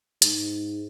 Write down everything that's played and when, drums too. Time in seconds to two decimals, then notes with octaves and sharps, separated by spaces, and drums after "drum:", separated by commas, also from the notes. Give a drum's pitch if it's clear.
0.22 G#2, drum: hi-hat